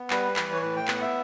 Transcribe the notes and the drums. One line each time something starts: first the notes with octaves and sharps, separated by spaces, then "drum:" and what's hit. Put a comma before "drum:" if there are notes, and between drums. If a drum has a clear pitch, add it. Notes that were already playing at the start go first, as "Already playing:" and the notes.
Already playing: B3
G3 B4, drum: clap
E3, drum: clap
C#5
A2 B4
G5
B3 F#5, drum: clap
E5